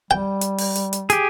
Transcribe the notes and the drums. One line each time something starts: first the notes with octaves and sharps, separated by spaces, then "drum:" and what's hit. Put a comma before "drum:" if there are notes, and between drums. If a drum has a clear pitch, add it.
G3 G5
drum: hi-hat
drum: open hi-hat
drum: hi-hat
drum: hi-hat
G4 G#4, drum: hi-hat